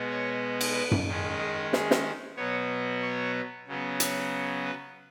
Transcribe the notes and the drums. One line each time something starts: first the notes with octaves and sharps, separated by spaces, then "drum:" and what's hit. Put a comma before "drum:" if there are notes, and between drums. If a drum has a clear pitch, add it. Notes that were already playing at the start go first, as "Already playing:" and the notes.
Already playing: B2 G#3 B3
C#5
drum: cymbal
B4
drum: tom F#2
D#3 G#3 C#4
G#4
G#4, drum: snare
drum: snare
B2 F#3 B3 C#5
C#5
C#3 F#3 B3
C#5, drum: hi-hat
B4